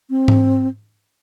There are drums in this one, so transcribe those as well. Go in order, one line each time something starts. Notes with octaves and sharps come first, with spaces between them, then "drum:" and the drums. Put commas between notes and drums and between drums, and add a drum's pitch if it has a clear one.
C4
drum: tom G#2